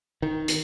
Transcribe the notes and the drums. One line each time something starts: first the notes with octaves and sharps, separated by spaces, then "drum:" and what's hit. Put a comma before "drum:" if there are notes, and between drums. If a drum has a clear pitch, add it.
D#3
drum: hi-hat